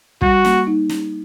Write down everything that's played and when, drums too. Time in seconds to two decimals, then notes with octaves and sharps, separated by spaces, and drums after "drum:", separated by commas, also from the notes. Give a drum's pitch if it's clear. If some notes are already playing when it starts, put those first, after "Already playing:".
0.22 G3 F#4, drum: kick
0.45 A#3, drum: snare
0.67 D#4
0.89 drum: snare